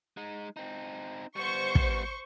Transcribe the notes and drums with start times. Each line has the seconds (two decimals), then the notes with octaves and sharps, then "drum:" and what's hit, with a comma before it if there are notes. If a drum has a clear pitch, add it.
0.17 G#3 D#4
0.57 C4 D#4
1.36 G3 B3 C5 C#6
1.75 drum: kick